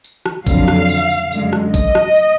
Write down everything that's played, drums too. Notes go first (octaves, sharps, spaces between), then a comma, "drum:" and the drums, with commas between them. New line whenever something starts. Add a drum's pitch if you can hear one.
drum: tambourine
drum: rim click
F2 D3 F#3 F5, drum: kick A1, tambourine
drum: rim click
drum: tambourine
drum: tambourine
F#2 D3 G#3, drum: tambourine
drum: rim click
D#5, drum: kick A1, tambourine
drum: rim click
drum: tambourine